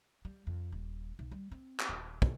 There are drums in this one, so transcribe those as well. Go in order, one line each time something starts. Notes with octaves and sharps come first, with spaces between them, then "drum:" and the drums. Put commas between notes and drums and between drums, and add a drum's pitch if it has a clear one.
G3
F2
D#1
B1
G3
C4
drum: clap
D#1
B2, drum: kick